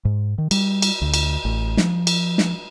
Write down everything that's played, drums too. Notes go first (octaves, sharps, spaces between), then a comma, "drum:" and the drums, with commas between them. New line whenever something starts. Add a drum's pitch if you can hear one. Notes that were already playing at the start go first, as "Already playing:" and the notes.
G#2
D#3
G3, drum: cymbal
drum: cymbal
D2
drum: cymbal
A1
F3, drum: snare
drum: cymbal
drum: snare